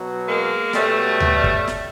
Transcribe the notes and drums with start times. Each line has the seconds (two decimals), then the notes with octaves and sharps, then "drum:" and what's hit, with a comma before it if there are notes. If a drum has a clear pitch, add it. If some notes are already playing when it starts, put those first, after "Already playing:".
Already playing: B2 F#3
0.26 G#3 A#3
0.73 B2 F#3 G3 A3, drum: snare
1.20 drum: tom D2
1.44 drum: kick
1.67 drum: snare